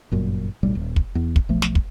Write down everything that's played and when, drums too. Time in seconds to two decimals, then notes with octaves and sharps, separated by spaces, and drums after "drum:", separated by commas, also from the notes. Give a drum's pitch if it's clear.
0.11 G1 F#2 A#2
0.63 D#1 B1 A2 G3
0.75 D#1
0.96 drum: kick
1.15 E2
1.36 drum: kick
1.49 B1 F3 A3
1.62 drum: snare
1.75 drum: kick